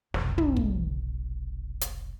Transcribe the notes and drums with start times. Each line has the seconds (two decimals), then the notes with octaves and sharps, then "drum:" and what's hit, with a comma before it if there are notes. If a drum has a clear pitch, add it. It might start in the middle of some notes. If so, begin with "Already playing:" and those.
0.14 F1 B1, drum: snare
0.38 drum: tom
0.57 drum: kick
1.81 drum: hi-hat